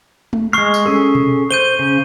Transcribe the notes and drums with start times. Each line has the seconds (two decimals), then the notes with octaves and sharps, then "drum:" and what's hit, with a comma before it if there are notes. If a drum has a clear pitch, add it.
0.33 drum: tom G#3
0.53 G#3 C#6 F6 C7
0.74 drum: tambourine
0.86 C#4 G#4 A4
1.15 drum: tom B2
1.51 C5 G6 D#7 G7
1.79 C#3